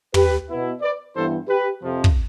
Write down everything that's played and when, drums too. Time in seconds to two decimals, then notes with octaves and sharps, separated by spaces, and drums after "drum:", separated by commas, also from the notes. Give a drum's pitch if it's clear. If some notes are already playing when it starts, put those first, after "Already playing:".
0.14 G4 B4, drum: tom
0.48 B2 B3 E4
0.81 B4 D5
1.15 G2 E3 B3 E4 A4 C5
1.48 G4 B4
1.82 F2 C3 F3
2.04 drum: kick